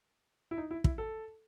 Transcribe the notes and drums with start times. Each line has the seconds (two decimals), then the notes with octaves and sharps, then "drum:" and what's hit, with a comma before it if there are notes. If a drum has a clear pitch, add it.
0.51 E4
0.58 D#4
0.71 E4
0.84 E4, drum: kick
0.98 A4